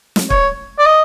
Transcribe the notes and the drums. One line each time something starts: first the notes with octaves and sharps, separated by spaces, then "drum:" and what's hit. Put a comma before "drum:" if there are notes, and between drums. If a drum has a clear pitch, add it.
drum: snare
C#5, drum: kick
D5
D#5